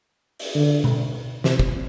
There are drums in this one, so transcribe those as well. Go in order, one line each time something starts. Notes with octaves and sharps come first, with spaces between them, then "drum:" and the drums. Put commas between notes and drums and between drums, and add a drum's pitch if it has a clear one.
drum: open hi-hat
D3
drum: tom B2
C3, drum: snare
drum: kick